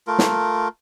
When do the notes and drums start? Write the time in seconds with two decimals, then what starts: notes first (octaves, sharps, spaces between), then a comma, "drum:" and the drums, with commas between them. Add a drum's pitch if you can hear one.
0.07 A3 F4 A#4
0.19 drum: snare